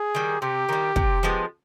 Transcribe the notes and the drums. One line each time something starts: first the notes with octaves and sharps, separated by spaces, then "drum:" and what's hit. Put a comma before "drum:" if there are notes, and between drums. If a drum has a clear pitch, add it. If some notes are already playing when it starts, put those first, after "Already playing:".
Already playing: G#4
D#3 G3
C3 G4
D#3 G3
C3, drum: kick
F3 G#3 B3